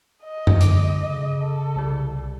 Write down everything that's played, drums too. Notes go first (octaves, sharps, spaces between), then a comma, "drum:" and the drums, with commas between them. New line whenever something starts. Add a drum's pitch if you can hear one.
D#5
drum: tom F#2
D3 D6, drum: hi-hat
C#3
A4
C2 G3